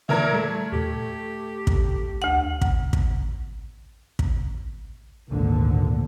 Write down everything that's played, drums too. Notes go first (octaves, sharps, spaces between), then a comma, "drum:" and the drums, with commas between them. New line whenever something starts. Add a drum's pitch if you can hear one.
A#2 D3 E3 A#4 E5 G#6
G3 A3
D#2 A#2 G4
drum: kick
D2 F#5
drum: kick
drum: kick
drum: kick
G#1 D2 A#2 D3